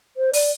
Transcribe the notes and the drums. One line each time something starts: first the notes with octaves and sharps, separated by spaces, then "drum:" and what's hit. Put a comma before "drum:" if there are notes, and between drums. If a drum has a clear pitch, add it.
C5
D5, drum: open hi-hat